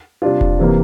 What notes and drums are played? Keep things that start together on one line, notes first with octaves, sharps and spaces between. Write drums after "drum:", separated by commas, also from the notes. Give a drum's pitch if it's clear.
C3 G3 D4 F4
drum: kick E1
C3 E3 A#3